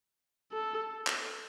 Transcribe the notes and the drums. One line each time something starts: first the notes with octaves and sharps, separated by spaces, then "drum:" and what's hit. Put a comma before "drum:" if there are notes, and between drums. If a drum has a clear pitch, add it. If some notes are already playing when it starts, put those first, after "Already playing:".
A4
drum: clap